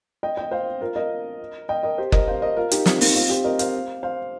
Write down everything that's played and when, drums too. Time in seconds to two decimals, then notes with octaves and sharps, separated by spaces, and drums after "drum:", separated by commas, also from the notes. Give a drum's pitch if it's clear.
0.23 D#5 G5
0.37 D#5 G5
0.51 C5 F5
0.81 F4 A#4
0.96 A#4 D#5
1.69 D#5 G5
1.83 A#4 D#5
1.98 G4 C5
2.12 A#4 D#5, drum: kick F#1
2.27 C5 F5
2.42 A#4 D#5
2.57 F4 A#4
2.71 D#4 G4, drum: hi-hat
2.86 C4 F4, drum: snare
3.01 A#3 D#4, drum: open hi-hat
3.15 C4 F4
3.29 G4 C5
3.44 A#4 D#5
3.59 C5 F5, drum: hi-hat
4.03 C5 F5